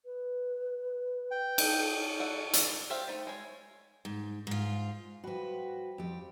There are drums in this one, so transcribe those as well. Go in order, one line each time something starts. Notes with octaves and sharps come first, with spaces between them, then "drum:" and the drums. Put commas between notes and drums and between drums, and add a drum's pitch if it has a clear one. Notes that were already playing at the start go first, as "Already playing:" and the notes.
B4
G5
drum: cymbal
D5 E5 F#5
A4 D5, drum: hi-hat
G4 C5 E5 F5
A3 D#4
G#3 C#5
G#2
G#2 F4
F3 G3 F#4 B4
F2 G4